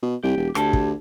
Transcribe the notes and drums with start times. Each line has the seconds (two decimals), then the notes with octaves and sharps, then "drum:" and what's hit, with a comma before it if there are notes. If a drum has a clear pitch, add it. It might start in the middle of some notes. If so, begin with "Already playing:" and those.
0.02 B2
0.23 C2 G4
0.37 E1
0.55 D2 G4 A5, drum: rim click
0.73 drum: kick